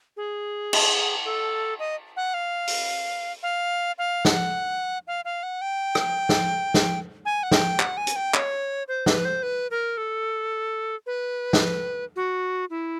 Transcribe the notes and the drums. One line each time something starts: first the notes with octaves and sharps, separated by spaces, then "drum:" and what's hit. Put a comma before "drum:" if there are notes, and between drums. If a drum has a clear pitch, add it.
G#4
drum: cymbal
A4
D#5
F#5
F5
drum: open hi-hat
F5
F5
F#5, drum: snare
F5
F5
F#5
G5
drum: rim click
drum: snare
drum: snare
G#5
F#5
G5, drum: snare
F#5, drum: clap
G#5
drum: hi-hat
G5
C#5, drum: clap
C5
B4, drum: snare
C5
B4
A#4
A4
B4
drum: snare
F#4
E4